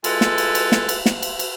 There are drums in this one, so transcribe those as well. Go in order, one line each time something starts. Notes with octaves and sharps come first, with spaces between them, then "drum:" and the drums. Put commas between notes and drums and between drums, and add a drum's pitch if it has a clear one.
G#3 E4 F4 A4 B4, drum: cymbal
drum: snare
drum: cymbal
drum: cymbal
drum: snare
drum: cymbal
drum: snare
drum: cymbal
drum: cymbal